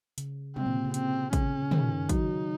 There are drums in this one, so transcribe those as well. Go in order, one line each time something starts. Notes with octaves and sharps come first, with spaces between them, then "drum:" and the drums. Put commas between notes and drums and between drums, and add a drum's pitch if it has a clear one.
C#3, drum: hi-hat
C3 C4, drum: tom
A#2
C#3
C4, drum: hi-hat
C#3 C#4, drum: kick, hi-hat
C#3
D#3, drum: tom
F#3 D#4, drum: kick, hi-hat